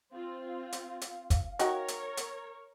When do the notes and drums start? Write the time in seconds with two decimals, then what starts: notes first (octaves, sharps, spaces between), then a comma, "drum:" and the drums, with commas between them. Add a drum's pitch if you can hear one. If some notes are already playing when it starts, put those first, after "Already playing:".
0.12 C4 F4 F5
0.72 drum: hi-hat
1.01 drum: hi-hat
1.30 drum: kick, hi-hat
1.59 D#4 F#4 A#4 C#5 G5, drum: hi-hat
1.88 drum: hi-hat
2.17 drum: hi-hat